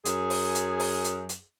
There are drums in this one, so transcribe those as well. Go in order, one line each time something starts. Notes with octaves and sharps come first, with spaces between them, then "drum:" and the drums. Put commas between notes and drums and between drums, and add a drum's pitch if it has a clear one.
F#2 G#4, drum: hi-hat
drum: open hi-hat
drum: hi-hat
drum: open hi-hat
drum: hi-hat
drum: hi-hat